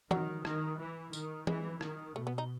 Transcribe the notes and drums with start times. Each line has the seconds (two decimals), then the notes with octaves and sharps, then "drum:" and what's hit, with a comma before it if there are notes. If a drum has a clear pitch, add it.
0.11 D#3 F#3, drum: tom E3
0.45 D#3, drum: rim click
0.79 E3
1.13 D#3, drum: tambourine
1.47 E3 G#3, drum: tom E3
1.81 D#3, drum: rim click
2.15 B2 A3
2.27 B3
2.38 D#4